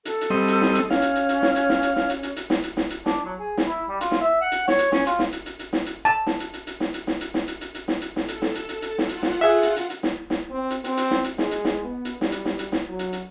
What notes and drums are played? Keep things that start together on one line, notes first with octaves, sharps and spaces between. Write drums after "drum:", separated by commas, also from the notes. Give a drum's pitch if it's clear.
A4, drum: hi-hat
drum: hi-hat
G3 C4 D#5
drum: hi-hat
drum: snare
drum: hi-hat
C#4 F5, drum: snare
drum: hi-hat
drum: hi-hat
drum: hi-hat
drum: snare
drum: hi-hat
drum: snare
drum: hi-hat
drum: snare
drum: hi-hat
drum: hi-hat
drum: hi-hat
drum: snare
drum: hi-hat
drum: snare
drum: hi-hat
D4, drum: snare
F#3
G#4
drum: snare
E4
G3
F4, drum: hi-hat
drum: snare
E5
F#5
drum: hi-hat
C#5, drum: snare
drum: hi-hat
C#4, drum: snare
F4, drum: hi-hat
drum: snare
drum: hi-hat
drum: hi-hat
drum: hi-hat
drum: snare
drum: hi-hat
A5
drum: snare
drum: hi-hat
drum: hi-hat
drum: hi-hat
drum: snare
drum: hi-hat
drum: snare
drum: hi-hat
drum: snare
drum: hi-hat
drum: hi-hat
drum: hi-hat
drum: snare
drum: hi-hat
A4, drum: snare
drum: hi-hat
drum: snare
drum: hi-hat
drum: hi-hat
drum: hi-hat
F4 F#5, drum: snare
drum: hi-hat
drum: snare
G#4 E5
drum: hi-hat
drum: hi-hat
drum: hi-hat
drum: snare
drum: snare
C4
drum: hi-hat
C4, drum: hi-hat
drum: hi-hat
drum: snare
drum: hi-hat
G#3, drum: snare
drum: hi-hat
drum: snare
B3
drum: hi-hat
G3, drum: snare
drum: hi-hat
drum: snare
drum: hi-hat
drum: snare
F#3
drum: hi-hat
drum: hi-hat